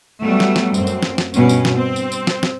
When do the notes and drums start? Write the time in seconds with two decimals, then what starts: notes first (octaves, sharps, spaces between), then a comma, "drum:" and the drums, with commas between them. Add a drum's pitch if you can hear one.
0.20 F#3 G3 A3 B3
0.40 drum: snare
0.56 drum: snare
0.74 F#2 C4, drum: tambourine
0.87 drum: tambourine
1.03 drum: snare
1.18 drum: snare
1.34 G2 B2 C#4, drum: tambourine
1.49 drum: tambourine
1.65 drum: snare
1.75 C4
1.96 drum: tambourine
2.12 drum: tambourine
2.27 drum: snare
2.43 drum: snare